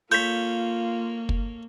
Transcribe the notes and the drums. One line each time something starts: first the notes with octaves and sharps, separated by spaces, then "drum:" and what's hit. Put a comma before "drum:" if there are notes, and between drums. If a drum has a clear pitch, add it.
A#3 F4 A4 C#5 G6 B6
drum: kick